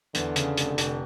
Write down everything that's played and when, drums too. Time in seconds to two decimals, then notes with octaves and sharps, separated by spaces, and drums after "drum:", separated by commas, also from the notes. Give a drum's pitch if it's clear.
0.15 E2 D3, drum: hi-hat
0.36 C#3, drum: hi-hat
0.58 F1, drum: hi-hat
0.78 F1, drum: hi-hat